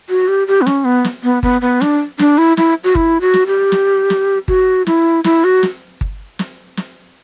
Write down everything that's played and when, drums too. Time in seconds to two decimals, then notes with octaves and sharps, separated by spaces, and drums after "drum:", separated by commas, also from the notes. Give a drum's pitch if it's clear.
0.09 F#4
0.28 G4
0.48 G4
0.61 B3
0.67 C#4, drum: snare
0.85 B3
1.04 drum: snare
1.24 B3
1.43 B3, drum: kick G1
1.61 B3
1.81 D4, drum: snare
2.19 D4, drum: snare
2.38 E4
2.57 E4, drum: snare
2.84 F#4
2.95 E4, drum: kick G1
3.21 F#4
3.34 drum: snare
3.47 G4
3.72 drum: snare
4.10 drum: snare
4.48 F#4, drum: kick G1
4.87 E4, drum: snare
5.24 E4, drum: snare
5.44 F#4
5.63 drum: snare
6.01 drum: kick G1
6.39 drum: snare
6.77 drum: snare